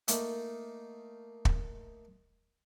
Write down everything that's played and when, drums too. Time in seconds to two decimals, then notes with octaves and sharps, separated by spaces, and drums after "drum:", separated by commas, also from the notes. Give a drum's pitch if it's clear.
0.08 A3 A#3 D#4 A4, drum: hi-hat
1.45 drum: kick